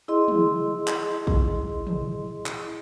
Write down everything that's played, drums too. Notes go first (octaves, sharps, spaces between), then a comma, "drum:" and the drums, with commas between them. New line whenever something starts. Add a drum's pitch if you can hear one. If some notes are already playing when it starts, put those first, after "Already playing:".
E4 G#4 D#5 C6
drum: tom
drum: clap
drum: kick A1
drum: tom
drum: clap